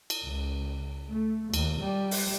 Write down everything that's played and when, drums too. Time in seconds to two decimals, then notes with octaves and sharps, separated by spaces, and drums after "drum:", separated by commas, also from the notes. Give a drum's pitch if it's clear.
0.10 drum: cymbal
0.24 C#2
1.11 A3
1.54 D#2, drum: cymbal
1.82 G3
2.11 drum: open hi-hat